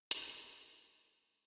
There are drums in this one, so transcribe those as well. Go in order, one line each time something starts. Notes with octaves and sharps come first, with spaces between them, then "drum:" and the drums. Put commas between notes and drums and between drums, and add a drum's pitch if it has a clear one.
A2 E3 C#4 G#5 C#7, drum: hi-hat
A#2 G#3 D#7